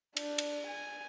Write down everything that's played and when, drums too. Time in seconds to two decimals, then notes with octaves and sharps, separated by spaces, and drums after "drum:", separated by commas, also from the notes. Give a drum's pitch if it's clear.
0.17 D4, drum: cymbal
0.38 drum: cymbal
0.68 G#5